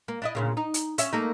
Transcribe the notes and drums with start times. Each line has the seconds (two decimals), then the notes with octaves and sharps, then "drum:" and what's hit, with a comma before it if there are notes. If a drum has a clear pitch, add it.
0.08 A#3
0.22 D4 E4 D#5
0.35 D2 A#2 C#3
0.57 D#4
0.74 drum: hi-hat
0.98 C#4 E5, drum: hi-hat
1.13 A3 A#3 D#4